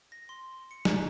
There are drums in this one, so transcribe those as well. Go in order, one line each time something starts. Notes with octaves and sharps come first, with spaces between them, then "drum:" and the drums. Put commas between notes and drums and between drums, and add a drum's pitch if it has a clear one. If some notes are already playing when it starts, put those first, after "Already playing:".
A#6
C6
C#7
A#5, drum: snare